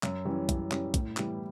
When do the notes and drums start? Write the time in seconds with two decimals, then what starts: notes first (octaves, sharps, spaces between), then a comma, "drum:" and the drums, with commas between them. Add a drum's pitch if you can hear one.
0.03 F#2, drum: clap
0.25 E3 G3 C#4
0.49 F#2, drum: kick B1, hi-hat
0.71 E3 G3 C#4, drum: clap
0.94 A2, drum: kick B1, hi-hat
1.17 E3 G3 B3 E4, drum: clap